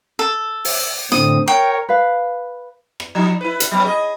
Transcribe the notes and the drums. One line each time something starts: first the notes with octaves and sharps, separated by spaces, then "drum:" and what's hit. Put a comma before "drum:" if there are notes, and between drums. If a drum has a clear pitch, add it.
A4
drum: open hi-hat
A2 D3 C4 D#6, drum: snare
A#4 C#5 G5
B4 F5
drum: rim click
F3 D#4
E4 B4
drum: hi-hat
F#3 B3 C#4
G#4 D#5